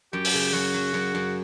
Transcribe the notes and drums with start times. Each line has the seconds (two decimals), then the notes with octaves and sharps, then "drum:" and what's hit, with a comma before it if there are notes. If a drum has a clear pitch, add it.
0.13 F#2 G4
0.25 drum: open hi-hat
0.34 C#3
0.53 F#2 F#4
0.74 F#3
0.94 F#2
1.15 F#2